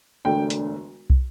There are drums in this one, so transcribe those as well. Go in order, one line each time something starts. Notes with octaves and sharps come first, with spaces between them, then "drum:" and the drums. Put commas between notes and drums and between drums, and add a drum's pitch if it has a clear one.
E1 D2 D3 A3 D4 G5
drum: hi-hat
drum: kick